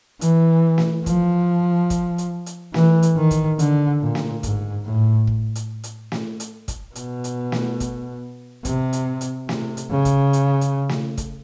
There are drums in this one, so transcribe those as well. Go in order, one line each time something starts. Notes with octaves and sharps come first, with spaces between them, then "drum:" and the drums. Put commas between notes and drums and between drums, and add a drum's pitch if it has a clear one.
E3, drum: hi-hat
drum: snare
F3, drum: kick, hi-hat
drum: kick, hi-hat
drum: hi-hat
drum: hi-hat
E3, drum: snare
drum: hi-hat
D#3
drum: kick, hi-hat
D3, drum: hi-hat
A#2
drum: snare
G#2, drum: kick, hi-hat
A2
drum: kick
drum: hi-hat
drum: hi-hat
drum: snare
drum: hi-hat
drum: kick, hi-hat
B2, drum: hi-hat
drum: hi-hat
drum: snare
drum: kick, hi-hat
C3, drum: kick, hi-hat
drum: hi-hat
drum: hi-hat
C3, drum: snare
drum: hi-hat
C#3
drum: kick, hi-hat
drum: hi-hat
drum: hi-hat
drum: snare
drum: kick, hi-hat